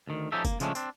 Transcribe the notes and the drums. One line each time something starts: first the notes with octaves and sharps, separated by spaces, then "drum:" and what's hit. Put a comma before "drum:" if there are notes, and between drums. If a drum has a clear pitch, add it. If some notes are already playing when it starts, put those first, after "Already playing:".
D2 D#3
F3 C#4 D#4 G4 A4 E5
A#3, drum: kick, tambourine
C#3 F3 G#3 A3 C#4 D4, drum: tambourine
C4 D4, drum: tambourine